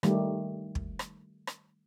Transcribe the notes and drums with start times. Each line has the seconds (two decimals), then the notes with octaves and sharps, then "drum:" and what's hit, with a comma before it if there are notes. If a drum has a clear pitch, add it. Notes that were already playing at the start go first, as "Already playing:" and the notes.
0.03 D#3 G3 A3, drum: rim click
0.75 drum: kick
0.99 drum: rim click
1.47 drum: rim click